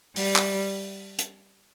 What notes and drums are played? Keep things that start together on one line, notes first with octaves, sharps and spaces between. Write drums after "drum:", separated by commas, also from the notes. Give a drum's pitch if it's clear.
G3, drum: open hi-hat
drum: clap
drum: hi-hat